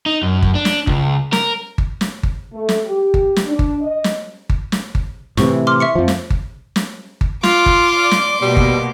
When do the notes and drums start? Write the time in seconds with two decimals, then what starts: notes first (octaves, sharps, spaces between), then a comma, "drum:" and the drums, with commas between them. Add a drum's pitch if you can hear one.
0.06 D#4
0.23 F#2
0.42 drum: kick G1
0.55 D4
0.65 drum: snare
0.87 C#2, drum: kick G1
1.33 A#4, drum: snare
1.78 drum: kick G1
2.01 drum: snare
2.23 drum: kick G1
2.53 A3
2.69 drum: snare
2.85 G4
3.14 drum: kick G1
3.36 drum: snare
3.46 D4
3.59 drum: kick G1
3.82 D#5
4.04 drum: snare
4.50 drum: kick G1
4.72 drum: snare
4.95 drum: kick G1
5.37 A2 C3 E3 C#6, drum: snare
5.67 C6 D6 F6
5.80 E5 C#6 C#7
5.95 F2 F3
6.08 drum: snare
6.30 drum: kick G1
6.76 drum: snare
7.21 drum: kick G1
7.43 F4 C6 D6, drum: snare
7.66 drum: kick G1
7.96 D5
8.11 drum: snare
8.42 B2 G3 A#3
8.57 drum: kick G1